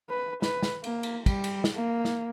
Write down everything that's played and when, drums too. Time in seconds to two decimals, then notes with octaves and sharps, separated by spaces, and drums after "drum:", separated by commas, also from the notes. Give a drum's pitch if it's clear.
0.10 B4
0.42 B4, drum: snare
0.63 drum: snare
0.84 A#3, drum: cymbal
1.03 drum: cymbal
1.26 G3, drum: kick, cymbal
1.44 drum: cymbal
1.64 drum: snare
1.76 A#3
2.05 drum: snare